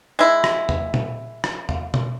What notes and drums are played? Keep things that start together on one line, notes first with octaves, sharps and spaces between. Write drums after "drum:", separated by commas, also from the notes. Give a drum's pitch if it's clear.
G#3 E4
drum: rim click
drum: tom E2
drum: tom A#2
drum: rim click
drum: tom E2
drum: tom